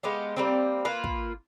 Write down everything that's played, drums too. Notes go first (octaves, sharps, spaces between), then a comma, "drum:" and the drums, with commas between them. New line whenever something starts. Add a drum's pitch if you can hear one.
G#3 B3 G4 F5
G3 A#3 C4
A#3 F4 B4
drum: kick